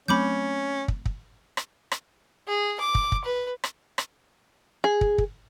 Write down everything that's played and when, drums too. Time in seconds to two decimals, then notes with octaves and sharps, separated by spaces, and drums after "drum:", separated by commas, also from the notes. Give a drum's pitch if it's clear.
0.08 F#3 A3 C4 C#4 B5 D6 G6
0.88 drum: kick
1.05 drum: kick
1.57 drum: rim click
1.92 drum: rim click
2.47 G#4
2.80 D6
2.95 drum: kick
3.12 drum: kick
3.25 B4
3.64 drum: rim click
3.98 drum: rim click
4.84 G#4
5.01 drum: kick
5.18 drum: kick